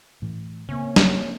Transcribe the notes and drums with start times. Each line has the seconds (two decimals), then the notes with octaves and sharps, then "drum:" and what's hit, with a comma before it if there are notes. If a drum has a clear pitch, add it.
0.22 A2 E3
0.69 C#3 A#3 C4 C#4
0.96 drum: snare